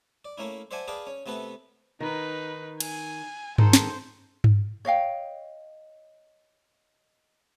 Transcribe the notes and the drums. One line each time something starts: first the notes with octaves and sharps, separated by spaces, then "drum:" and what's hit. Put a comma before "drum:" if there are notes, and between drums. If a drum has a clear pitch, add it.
D5
A3 A#3 C#4 E4
C5 D5 E5 F#5 G#5 A5
G#4 B4 D5 F5 G5 A5
C#4
C3 A3 B3 A4 B4
D#3 D#4 B4
G#5, drum: cymbal
D#3 G#3 A4 C5, drum: tom G2
drum: snare
drum: tom G2
C#5 D#5 F5 G5